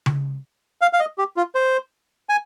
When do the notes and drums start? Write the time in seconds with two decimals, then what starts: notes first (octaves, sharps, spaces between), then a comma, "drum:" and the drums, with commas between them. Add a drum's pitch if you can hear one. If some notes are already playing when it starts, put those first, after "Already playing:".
0.06 drum: tom C#3
0.81 F5
0.93 F5
1.00 D#5
1.18 G4
1.37 F4
1.55 C5
2.29 G#5